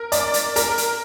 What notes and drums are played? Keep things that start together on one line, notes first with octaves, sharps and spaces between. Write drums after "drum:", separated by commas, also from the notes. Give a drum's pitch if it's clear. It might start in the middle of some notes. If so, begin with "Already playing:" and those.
Already playing: A#4
D5, drum: hi-hat
drum: hi-hat
A#4, drum: hi-hat
drum: hi-hat